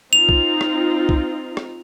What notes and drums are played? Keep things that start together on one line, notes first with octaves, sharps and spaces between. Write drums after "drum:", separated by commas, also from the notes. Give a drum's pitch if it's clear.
C4 D#4 F4 F7
drum: kick B1
drum: rim click
drum: kick B1
drum: rim click